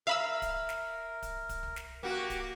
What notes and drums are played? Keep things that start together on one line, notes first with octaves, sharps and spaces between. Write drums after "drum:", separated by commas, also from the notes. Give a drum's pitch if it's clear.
A#4 E5 F5 B5 E6
drum: kick D1, hi-hat
drum: snare
drum: kick D1, hi-hat
drum: kick D1, hi-hat
drum: tom C2
drum: snare
A#3 F#4 G4 F#5 D6
drum: kick D1, hi-hat